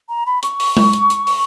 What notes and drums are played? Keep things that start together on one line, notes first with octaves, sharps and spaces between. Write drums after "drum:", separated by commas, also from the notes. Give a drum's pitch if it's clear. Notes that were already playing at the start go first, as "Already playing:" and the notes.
A#5
B5
C#6, drum: hi-hat
drum: open hi-hat
drum: tom G#3
drum: hi-hat
drum: hi-hat
drum: open hi-hat